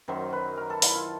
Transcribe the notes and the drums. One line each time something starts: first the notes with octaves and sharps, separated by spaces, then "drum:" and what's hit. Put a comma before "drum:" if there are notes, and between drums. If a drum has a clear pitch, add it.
F#2 D#3 F#3 C5
B4
A#4
A4
E4, drum: open hi-hat
F4